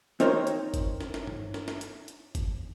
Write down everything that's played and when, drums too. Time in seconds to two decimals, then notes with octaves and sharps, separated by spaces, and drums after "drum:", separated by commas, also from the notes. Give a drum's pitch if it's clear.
0.20 C4 D#4 A#4 C5 C#5, drum: hi-hat
0.47 drum: hi-hat
0.74 drum: kick G1, hi-hat
1.01 drum: snare
1.14 drum: snare
1.27 drum: tom G2
1.54 drum: snare
1.68 drum: snare
1.81 drum: hi-hat
2.08 drum: hi-hat
2.35 drum: kick G1, hi-hat